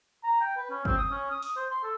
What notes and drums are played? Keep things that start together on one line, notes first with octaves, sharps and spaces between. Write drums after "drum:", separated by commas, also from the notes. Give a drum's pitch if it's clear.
A#5
G5
B4
C#4
C4, drum: kick
D#6
C#4
D#6
D#6, drum: open hi-hat
C5
C6
A4